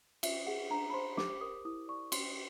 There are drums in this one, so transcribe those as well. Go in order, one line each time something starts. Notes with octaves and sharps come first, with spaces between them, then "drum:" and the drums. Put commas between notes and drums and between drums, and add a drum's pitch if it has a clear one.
F4 E5, drum: cymbal
G#4 F#5
D4 A#5
B5
C5 C6
G4 D6, drum: snare
A#4 D#6
E4 D#6
D5 C#6
F#4 C6, drum: cymbal